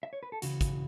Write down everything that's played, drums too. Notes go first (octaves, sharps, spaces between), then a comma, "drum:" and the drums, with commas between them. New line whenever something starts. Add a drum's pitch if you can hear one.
E5
C#5
B4
A4
C#2 C#3 E3 F#4, drum: hi-hat
drum: kick, hi-hat